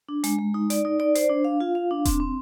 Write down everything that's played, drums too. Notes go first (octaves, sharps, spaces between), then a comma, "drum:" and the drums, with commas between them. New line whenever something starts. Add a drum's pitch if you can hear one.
D4
G#3, drum: hi-hat
G#3
D#4
D5, drum: hi-hat
D#4
D5
C5, drum: hi-hat
D4
F5
F4
F5
D4
C4, drum: kick E1, hi-hat
C4